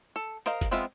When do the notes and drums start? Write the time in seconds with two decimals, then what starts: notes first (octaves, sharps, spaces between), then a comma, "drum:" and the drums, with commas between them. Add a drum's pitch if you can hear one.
0.16 A4
0.46 A#4 C5 D#5 F5, drum: hi-hat
0.61 drum: kick F#1, hi-hat
0.71 G#3 B3 C4 F4 E5